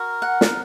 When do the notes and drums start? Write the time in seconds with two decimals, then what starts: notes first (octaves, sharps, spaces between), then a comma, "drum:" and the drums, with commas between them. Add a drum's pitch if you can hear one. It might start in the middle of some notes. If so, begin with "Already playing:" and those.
Already playing: F#4 A#4
0.22 F#5
0.41 drum: snare